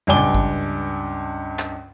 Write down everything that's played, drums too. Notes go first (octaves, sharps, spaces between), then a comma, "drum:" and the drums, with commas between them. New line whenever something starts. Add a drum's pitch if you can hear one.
C#2 G2 D4 G#5 D6 G7
drum: tom A2
drum: kick G#1
drum: clap